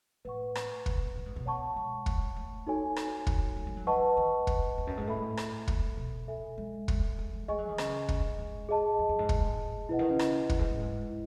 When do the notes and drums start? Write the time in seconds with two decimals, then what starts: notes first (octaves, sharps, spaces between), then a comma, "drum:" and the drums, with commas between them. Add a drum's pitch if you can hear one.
0.25 A2 B4 F#5 C#6
0.55 drum: rim click
0.86 B2, drum: kick
1.16 A2
1.26 G#2
1.36 B2
1.46 C#5 F#5 A5 C#6
1.76 G#3
2.06 drum: kick
2.36 A3
2.67 D#4 F#4 A4 C#5 G#5
2.96 drum: rim click
3.27 drum: kick
3.56 A3
3.67 G#3
3.77 F#3
3.87 E3 B4 D#5 F#5 A5 C#6
4.17 D#3
4.47 drum: kick
4.78 E2
4.87 F#2
4.97 G#2
5.07 A2 A4 E5 B5
5.37 drum: rim click
5.68 drum: kick
5.97 B2
6.28 A4 E5 G#5
6.58 G#3
6.88 drum: kick
7.19 G#3
7.33 G#3
7.48 A3 G#4 D#5 G#5 C#6
7.58 F#3
7.69 D#3
7.78 C#3, drum: rim click
8.09 drum: kick
8.39 G#2
8.69 G#4 D#5 A5
8.99 E2
9.09 F#2
9.19 G#2
9.29 drum: kick
9.59 A2
9.89 B2 E4 B4 D#5 F#5
9.99 D#3
10.09 C#3
10.19 drum: rim click
10.50 F#2, drum: kick
10.59 G#2
10.70 A2
10.80 G#2
11.10 E4